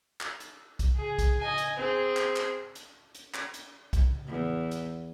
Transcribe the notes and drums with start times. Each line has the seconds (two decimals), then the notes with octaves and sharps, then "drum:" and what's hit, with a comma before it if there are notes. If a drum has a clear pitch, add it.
0.21 drum: clap
0.40 drum: hi-hat
0.79 drum: kick B1, hi-hat
0.96 G#4
1.19 drum: kick B1, hi-hat
1.40 D#5 G#5
1.58 drum: hi-hat
1.77 C4 G#4
2.17 drum: clap
2.36 drum: clap
2.75 drum: hi-hat
3.15 drum: hi-hat
3.34 drum: clap
3.54 drum: hi-hat
3.93 drum: kick B1, hi-hat
4.27 E2
4.71 drum: hi-hat